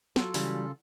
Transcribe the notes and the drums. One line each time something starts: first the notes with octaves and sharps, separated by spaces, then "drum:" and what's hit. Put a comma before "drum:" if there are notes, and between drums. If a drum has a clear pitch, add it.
F#3 F4 A4, drum: snare
C#3 E3 G3, drum: open hi-hat